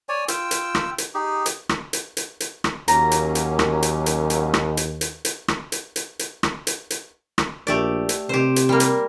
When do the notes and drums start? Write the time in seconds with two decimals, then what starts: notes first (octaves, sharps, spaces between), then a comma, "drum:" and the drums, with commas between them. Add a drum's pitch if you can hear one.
0.09 C#5 D5 G#5
0.28 F4 G5 E6, drum: hi-hat
0.51 drum: hi-hat
0.75 drum: rim click
0.98 drum: hi-hat
1.14 D#4 G4 G#4
1.46 drum: hi-hat
1.69 drum: rim click
1.93 drum: hi-hat
2.17 drum: hi-hat
2.40 drum: hi-hat
2.64 drum: rim click
2.88 D#2 F#3 A#3 C#4 A#5, drum: hi-hat
3.11 drum: hi-hat
3.35 drum: hi-hat
3.59 drum: rim click
3.83 drum: hi-hat
4.06 drum: hi-hat
4.30 drum: hi-hat
4.54 drum: rim click
4.77 drum: hi-hat
5.01 drum: hi-hat
5.25 drum: hi-hat
5.48 drum: rim click
5.72 drum: hi-hat
5.96 drum: hi-hat
6.19 drum: hi-hat
6.43 drum: rim click
6.67 drum: hi-hat
6.90 drum: hi-hat
7.38 drum: rim click
7.67 A#1 A3 G4 D5
8.09 drum: hi-hat
8.29 C3 G4 C5
8.56 drum: hi-hat
8.69 G3 A#3
8.80 drum: hi-hat